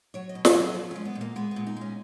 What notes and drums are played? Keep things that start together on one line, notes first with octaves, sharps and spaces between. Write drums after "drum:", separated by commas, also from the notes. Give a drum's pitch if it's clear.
F#3 C#5
D#5
B2
C#5, drum: snare
F#3
G#4
F3
G#3 C#4
B3
A#2
A#3
G#3 B3
B3
A#2
D#4
G#3 C#4